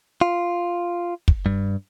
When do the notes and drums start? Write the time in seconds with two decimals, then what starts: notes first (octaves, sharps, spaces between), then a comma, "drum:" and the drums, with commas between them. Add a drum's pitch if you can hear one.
0.21 F4
1.28 drum: kick
1.46 G2